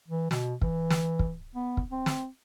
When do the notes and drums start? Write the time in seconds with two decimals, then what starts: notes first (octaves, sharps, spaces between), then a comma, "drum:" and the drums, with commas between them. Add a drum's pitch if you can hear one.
0.08 E3
0.31 B2, drum: snare
0.62 E3, drum: kick
0.90 drum: snare
1.19 drum: kick
1.55 B3
1.77 drum: kick
1.92 C4
2.06 drum: snare